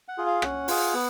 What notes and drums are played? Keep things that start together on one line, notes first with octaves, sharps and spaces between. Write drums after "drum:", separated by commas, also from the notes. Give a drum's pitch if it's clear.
F#5
F4 G#4
F5
C#4 F#5, drum: rim click
F4 G#4, drum: open hi-hat
B3